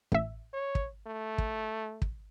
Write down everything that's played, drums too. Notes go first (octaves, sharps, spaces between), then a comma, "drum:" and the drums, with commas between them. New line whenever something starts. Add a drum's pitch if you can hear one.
A1 E5, drum: kick
C#5
drum: kick
A3
drum: kick
drum: kick